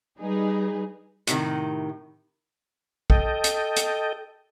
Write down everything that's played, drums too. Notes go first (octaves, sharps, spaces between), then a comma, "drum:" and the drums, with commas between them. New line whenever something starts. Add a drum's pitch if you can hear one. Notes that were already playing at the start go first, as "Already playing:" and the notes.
G3 D#4 G#4 B4
A2 C3 D#3, drum: hi-hat
A4 D#5 G5, drum: kick
drum: hi-hat
drum: hi-hat